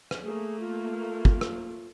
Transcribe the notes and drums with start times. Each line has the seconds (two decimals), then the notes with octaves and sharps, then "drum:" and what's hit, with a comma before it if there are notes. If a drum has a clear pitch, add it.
0.11 drum: rim click
0.23 A3 A#3 G#4
0.60 F4
1.25 drum: kick
1.41 drum: rim click